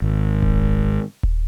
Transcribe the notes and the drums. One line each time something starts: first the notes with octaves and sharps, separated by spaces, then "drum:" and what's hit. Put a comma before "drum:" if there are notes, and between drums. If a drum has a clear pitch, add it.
G#1
drum: kick D#1
drum: kick D#1